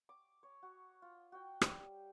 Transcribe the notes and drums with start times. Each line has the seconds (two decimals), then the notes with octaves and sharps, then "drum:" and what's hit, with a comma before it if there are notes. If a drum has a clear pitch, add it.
0.09 D6
0.43 C#5
0.63 F#4
1.02 F4
1.32 F#4 G5
1.61 G3, drum: rim click